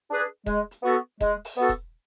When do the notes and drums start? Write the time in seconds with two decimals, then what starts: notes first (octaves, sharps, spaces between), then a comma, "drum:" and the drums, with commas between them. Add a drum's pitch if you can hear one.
0.10 D4 G#4 B4
0.46 G#3, drum: kick E1, hi-hat
0.71 drum: hi-hat
0.83 B3 F#4 A4
1.21 G#3, drum: kick E1, hi-hat
1.45 drum: open hi-hat
1.57 B3 F#4 A4
1.69 drum: kick E1, hi-hat